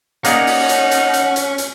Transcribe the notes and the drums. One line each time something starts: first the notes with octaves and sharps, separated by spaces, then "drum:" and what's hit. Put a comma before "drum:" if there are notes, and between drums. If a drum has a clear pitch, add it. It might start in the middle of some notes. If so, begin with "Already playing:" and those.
A#3 C#4 D#4 G#4 D5 F#5, drum: hi-hat
drum: open hi-hat
drum: hi-hat
drum: hi-hat
drum: hi-hat
drum: hi-hat
drum: hi-hat